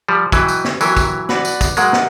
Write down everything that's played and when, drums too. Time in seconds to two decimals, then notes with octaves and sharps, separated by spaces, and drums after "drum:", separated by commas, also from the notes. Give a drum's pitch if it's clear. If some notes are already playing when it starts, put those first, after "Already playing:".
0.08 F3 G3
0.32 E3 F#3 B4 D#5 G5, drum: kick, tambourine
0.48 drum: tambourine
0.65 drum: snare
0.81 E3 F#3 G4 A#4 C#5, drum: tambourine
0.97 drum: kick, tambourine
1.29 F#4 B4 D5, drum: snare
1.45 drum: tambourine
1.61 drum: kick, tambourine
1.77 F#3 G#3 A#4 D#5 F#5, drum: tambourine
1.93 drum: snare